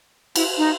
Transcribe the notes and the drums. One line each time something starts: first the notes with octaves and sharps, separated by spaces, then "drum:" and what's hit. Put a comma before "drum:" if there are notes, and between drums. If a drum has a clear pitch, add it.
E4, drum: cymbal
D#4